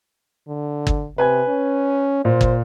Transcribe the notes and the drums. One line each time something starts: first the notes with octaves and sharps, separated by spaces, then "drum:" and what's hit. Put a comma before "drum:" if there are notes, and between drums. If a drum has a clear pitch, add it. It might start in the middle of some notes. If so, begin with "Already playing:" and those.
D3
drum: kick
C3 B4 G#5 G#6
C#4
A#2 C5
drum: kick